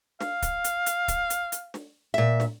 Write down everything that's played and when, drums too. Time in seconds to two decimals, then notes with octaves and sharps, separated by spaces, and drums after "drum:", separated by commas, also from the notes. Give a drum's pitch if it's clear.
0.21 F5, drum: snare
0.42 drum: kick D1, hi-hat
0.64 drum: hi-hat
0.86 drum: hi-hat
1.08 drum: kick D1, hi-hat
1.30 drum: hi-hat
1.52 drum: hi-hat
1.74 drum: snare
2.14 A#2 E5
2.40 drum: snare